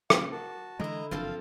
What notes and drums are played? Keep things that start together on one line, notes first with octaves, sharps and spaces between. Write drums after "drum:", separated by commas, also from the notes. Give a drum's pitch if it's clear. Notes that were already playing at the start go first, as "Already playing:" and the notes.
C#3 A#3 F5, drum: rim click
F#4 A#4 A5
D3 E3 G#3 E4 D#5 A#5
F#1 G2 E3 F3 C4 A4 F5